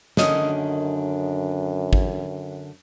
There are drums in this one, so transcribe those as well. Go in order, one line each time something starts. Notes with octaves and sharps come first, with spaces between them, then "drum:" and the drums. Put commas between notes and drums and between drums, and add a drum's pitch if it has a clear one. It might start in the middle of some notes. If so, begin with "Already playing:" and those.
F#2 D3 D#3 A#3 C#4 D#5, drum: snare
drum: kick